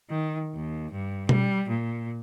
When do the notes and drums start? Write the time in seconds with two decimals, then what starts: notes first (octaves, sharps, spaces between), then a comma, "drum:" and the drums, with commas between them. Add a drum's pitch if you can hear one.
0.10 D#3
0.55 D#2
0.93 G2
1.29 G3, drum: tom B2
1.69 A#2